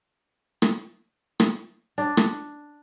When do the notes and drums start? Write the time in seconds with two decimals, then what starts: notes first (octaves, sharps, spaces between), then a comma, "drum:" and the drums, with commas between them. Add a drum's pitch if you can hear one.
0.62 drum: rim click
1.40 drum: rim click
1.98 D4
2.17 drum: rim click